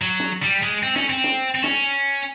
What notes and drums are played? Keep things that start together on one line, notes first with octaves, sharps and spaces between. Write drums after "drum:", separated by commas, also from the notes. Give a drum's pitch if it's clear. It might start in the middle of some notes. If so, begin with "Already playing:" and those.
F#3
drum: snare
G3
G#3
C4
C#4, drum: snare
C4
drum: snare
C4
C#4, drum: snare